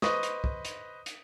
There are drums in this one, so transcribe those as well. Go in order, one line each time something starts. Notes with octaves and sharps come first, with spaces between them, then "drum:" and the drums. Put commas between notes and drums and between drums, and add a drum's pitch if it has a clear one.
B4 C5 D#5 C#6 D#6, drum: snare
drum: hi-hat
drum: kick
drum: hi-hat
drum: hi-hat